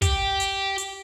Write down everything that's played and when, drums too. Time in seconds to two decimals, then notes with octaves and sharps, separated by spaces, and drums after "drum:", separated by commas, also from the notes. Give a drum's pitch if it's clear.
0.02 G4, drum: kick, hi-hat
0.40 drum: hi-hat
0.78 drum: hi-hat